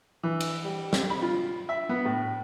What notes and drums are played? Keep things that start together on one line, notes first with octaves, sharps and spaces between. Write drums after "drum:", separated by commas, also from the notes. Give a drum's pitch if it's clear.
E3
drum: cymbal
G3
C4, drum: snare
B5
F4
E5
B3
A2